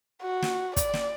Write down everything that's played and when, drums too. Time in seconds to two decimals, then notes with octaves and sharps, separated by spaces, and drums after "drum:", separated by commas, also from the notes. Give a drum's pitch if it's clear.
0.22 F#4
0.42 drum: snare
0.76 D5, drum: kick, hi-hat
0.94 drum: snare